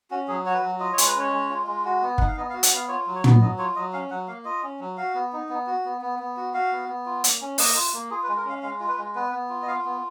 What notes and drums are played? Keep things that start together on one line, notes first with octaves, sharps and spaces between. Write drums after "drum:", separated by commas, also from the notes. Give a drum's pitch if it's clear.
C#4 F#4
F#3 G#4
F#4 C#5
B4
F#3
F4 D#5
C#5
G#3, drum: hi-hat
B4
C#4 C#5
G#3
F4
G#3
F#4
B3
D#4 F#5, drum: kick
F5
B3 D#5
F5
F#4
F#5, drum: hi-hat
B3 F5
F4 C#5
F#3
C#5
B3, drum: tom
F#3 D#5
F4 C#5
F#3 D#5
C#4 F5
F#3 F#5
A#3 F5
F4 D#5
C#4
F#3
F#4 F5
B3
D#4
B3
F#4
B3
B3
B3
F#4
F#4 F5
B3
B3
F4
A#3, drum: hi-hat
C#4
A#3 D#5, drum: open hi-hat
F4
A#3
F4 G#4
B4
G#3
A#4
C#4 F5
G#3 F5
F4
B4
G#3
B3 B4
B3
F4
D#5
F4 F5
B3